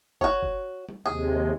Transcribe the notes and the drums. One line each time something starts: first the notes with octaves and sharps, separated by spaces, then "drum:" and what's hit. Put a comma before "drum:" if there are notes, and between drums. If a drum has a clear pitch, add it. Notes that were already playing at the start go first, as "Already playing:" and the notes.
F#4 C#5, drum: kick
drum: kick
drum: tom
D#2 C3 G#3 G#4